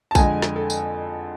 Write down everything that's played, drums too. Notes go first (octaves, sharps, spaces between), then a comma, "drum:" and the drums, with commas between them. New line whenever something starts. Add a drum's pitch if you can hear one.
A5
F2 D3 G#3 G#5, drum: kick A#1, tambourine
drum: snare
A4
drum: tambourine